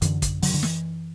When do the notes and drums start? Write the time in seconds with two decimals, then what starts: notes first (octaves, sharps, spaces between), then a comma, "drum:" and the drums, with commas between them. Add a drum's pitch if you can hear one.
0.02 F#2 D3 E3, drum: hi-hat
0.22 drum: kick, hi-hat
0.42 D3 F#3, drum: open hi-hat
0.54 D3
0.63 E3, drum: snare